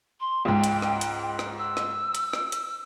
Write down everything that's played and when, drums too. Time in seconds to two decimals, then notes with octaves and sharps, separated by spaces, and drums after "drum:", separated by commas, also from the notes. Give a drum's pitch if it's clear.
0.20 C6
0.45 C#2 G#2 G5
0.64 drum: hi-hat
0.82 drum: rim click
1.01 drum: hi-hat
1.39 drum: rim click
1.58 E6
1.77 drum: rim click
2.15 drum: hi-hat
2.33 drum: rim click
2.52 drum: hi-hat